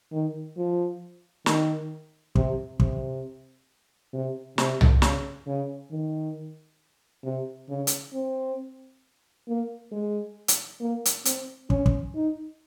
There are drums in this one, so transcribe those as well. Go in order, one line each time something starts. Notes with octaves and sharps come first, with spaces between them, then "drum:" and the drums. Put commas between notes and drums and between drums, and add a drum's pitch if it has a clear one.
D#3
F3
D#3, drum: snare
C3, drum: kick
C3, drum: kick
C3
C3, drum: snare
drum: tom C2
C#3, drum: snare
C#3
D#3
C3
C#3
drum: hi-hat
C4
A#3
G#3
drum: hi-hat
A#3
drum: hi-hat
C4, drum: hi-hat
C#4, drum: kick
drum: kick
D#4